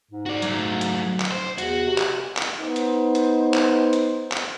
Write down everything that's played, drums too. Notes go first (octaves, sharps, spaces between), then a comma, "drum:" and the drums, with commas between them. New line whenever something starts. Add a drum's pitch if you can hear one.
G#2
F#4 D5
F#3 A3, drum: hi-hat
drum: hi-hat
drum: clap
C5
E2 F#4, drum: hi-hat
C3
drum: clap
drum: clap
B3 D#4 C5
drum: hi-hat
drum: hi-hat
drum: clap
drum: hi-hat
drum: clap